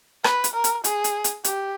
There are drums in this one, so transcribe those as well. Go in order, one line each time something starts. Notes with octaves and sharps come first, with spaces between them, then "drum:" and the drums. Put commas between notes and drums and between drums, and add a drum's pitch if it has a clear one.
B4, drum: rim click
drum: hi-hat
A#4
drum: hi-hat
G#4, drum: hi-hat
drum: hi-hat
drum: hi-hat
G4, drum: hi-hat